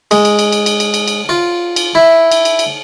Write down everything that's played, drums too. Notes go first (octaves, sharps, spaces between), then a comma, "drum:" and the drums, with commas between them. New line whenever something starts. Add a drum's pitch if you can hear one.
G#3, drum: cymbal
drum: cymbal
drum: cymbal
drum: cymbal
drum: cymbal
drum: cymbal
drum: cymbal
drum: cymbal
F4
drum: cymbal
E4
drum: cymbal
drum: cymbal
drum: cymbal